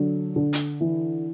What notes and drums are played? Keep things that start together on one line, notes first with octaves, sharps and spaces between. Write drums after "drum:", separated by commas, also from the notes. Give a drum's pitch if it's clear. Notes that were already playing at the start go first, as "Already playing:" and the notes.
Already playing: D3 F#3
D3
drum: hi-hat
E3